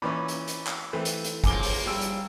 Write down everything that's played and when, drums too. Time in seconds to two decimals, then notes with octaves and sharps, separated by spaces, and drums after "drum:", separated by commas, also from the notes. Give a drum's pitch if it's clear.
0.02 A#2 E3 C#4 B5 D6
0.28 drum: hi-hat
0.48 drum: hi-hat
0.67 drum: clap
0.93 E3 A3 C4
1.05 drum: hi-hat
1.24 drum: hi-hat
1.44 C#3 F3 A#3 G#5 D6 G7, drum: kick, hi-hat
1.63 drum: open hi-hat
1.86 G3 E6 D7
2.01 drum: hi-hat